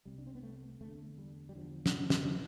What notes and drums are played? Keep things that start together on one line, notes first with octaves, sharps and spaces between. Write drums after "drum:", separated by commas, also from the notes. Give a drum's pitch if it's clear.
C2 C3 G3
D4
C4
B3
A3
E2 D3 A3
G3
G3
E2 D3 F3
drum: snare
drum: snare
D3 E3